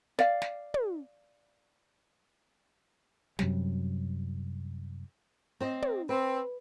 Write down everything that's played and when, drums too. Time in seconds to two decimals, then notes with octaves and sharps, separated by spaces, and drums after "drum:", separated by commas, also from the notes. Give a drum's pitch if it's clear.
0.19 D5 F5, drum: snare
0.42 drum: snare
0.74 drum: tom
3.39 F#2 C3 F#3 G3, drum: snare
5.60 C4 C5 D#5
5.82 drum: tom
6.09 C4 B4